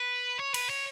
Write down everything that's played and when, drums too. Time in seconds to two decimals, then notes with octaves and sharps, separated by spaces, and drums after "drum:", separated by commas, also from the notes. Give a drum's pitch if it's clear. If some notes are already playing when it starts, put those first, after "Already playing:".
Already playing: B4
0.40 C#5
0.54 B4, drum: cymbal
0.69 C#5